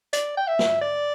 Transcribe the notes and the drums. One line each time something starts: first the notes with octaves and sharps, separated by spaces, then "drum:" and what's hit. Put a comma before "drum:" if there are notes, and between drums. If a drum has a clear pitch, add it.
D5, drum: hi-hat
G5
E5
drum: snare
D5